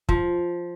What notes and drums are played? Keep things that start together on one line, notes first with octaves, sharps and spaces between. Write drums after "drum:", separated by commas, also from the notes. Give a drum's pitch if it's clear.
F3, drum: kick